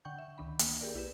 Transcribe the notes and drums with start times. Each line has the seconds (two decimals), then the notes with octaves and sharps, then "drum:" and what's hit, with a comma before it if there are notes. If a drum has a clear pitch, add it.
0.05 D3 F#5 G5 C#6 G6
0.19 E5
0.38 C#2 D#3 D4 B5
0.59 A#3, drum: hi-hat
0.81 G4 G#4 A#4 D5
0.94 B1 E4 G4 B4 E7